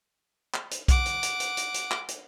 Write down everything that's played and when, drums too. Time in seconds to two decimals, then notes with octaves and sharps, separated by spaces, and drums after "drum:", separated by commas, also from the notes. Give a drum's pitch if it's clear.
0.54 drum: clap
0.71 drum: hi-hat
0.88 F#5 D6, drum: kick B1, hi-hat
1.06 drum: hi-hat
1.23 drum: hi-hat
1.40 drum: hi-hat
1.57 drum: hi-hat
1.74 drum: hi-hat
1.91 drum: clap
2.08 drum: hi-hat